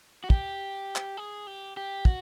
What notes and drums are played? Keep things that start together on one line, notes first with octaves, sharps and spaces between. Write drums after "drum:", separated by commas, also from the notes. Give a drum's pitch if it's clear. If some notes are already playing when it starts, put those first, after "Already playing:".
F#4
G4, drum: kick
drum: clap
G#4
G4
G4
F#4, drum: kick